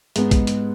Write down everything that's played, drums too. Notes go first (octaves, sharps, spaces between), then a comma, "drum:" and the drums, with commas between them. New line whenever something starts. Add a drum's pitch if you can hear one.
G#2 G#3 B3, drum: hi-hat
drum: kick, hi-hat
drum: hi-hat